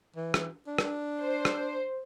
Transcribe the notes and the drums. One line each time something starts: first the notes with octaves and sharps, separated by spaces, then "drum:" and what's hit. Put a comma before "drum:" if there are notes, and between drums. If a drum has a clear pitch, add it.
E3
drum: rim click
D4
drum: rim click
C5
drum: rim click